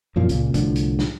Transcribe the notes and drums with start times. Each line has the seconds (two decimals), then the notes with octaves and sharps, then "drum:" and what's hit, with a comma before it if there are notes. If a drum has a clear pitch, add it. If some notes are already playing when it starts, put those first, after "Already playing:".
0.16 F#2 A#2 F3
0.29 C#2 A#2, drum: hi-hat
0.54 C2 A2 D3 F3, drum: kick, hi-hat
0.76 drum: hi-hat
0.99 drum: snare